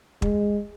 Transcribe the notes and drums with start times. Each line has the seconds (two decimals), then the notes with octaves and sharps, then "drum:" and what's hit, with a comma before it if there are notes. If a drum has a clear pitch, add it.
0.22 G#3, drum: kick